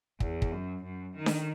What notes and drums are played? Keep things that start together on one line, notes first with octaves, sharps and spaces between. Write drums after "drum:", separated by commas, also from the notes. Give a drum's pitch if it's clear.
E2, drum: kick
drum: kick
F#2
F#2
D#3
drum: snare D4